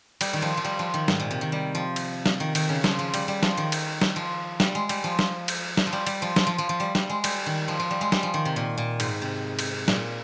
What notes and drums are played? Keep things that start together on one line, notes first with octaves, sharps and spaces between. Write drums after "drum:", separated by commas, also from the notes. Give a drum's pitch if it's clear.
G3, drum: cymbal
D#3
F3
F3
G3
F3
D#3
G#2, drum: snare
A#2
C3
D#3
G3
F3
drum: cymbal
drum: snare
D#3
D#3, drum: cymbal
C#3
F3, drum: snare
F3
G3, drum: cymbal
G3
F3, drum: snare
D#3
drum: cymbal
drum: snare
F3
G3, drum: snare
G#3
G3, drum: cymbal
F3
drum: snare
drum: cymbal
drum: snare
F3
G3
G3, drum: cymbal
F3
F3, drum: snare
F3
F3
F3
G3
G3, drum: snare
G#3
G3, drum: cymbal
D#3
F3
F3
G3
G#3
G3, drum: snare
F3
D#3
C3
A#2
A#2
G#2, drum: cymbal
C3
drum: cymbal
A#2, drum: snare